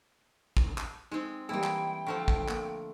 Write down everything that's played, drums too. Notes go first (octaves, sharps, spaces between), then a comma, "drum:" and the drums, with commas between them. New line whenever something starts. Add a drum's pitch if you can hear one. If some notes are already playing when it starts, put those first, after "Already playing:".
drum: kick
drum: clap
G#3 C4 D#4
E3 G3 A#3 E4 G#4 G5
drum: clap
D3 F3 A3 C#6
drum: kick
A#3, drum: clap